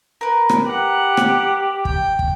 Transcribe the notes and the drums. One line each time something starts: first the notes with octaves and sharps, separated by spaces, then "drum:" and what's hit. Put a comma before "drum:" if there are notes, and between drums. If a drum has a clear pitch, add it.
A#4 B4
drum: rim click
G4 F#5
drum: rim click
G5, drum: kick
drum: kick